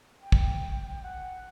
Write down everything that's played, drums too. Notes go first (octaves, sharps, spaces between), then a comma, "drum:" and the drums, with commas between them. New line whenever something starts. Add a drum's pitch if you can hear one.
G5
drum: kick
F#5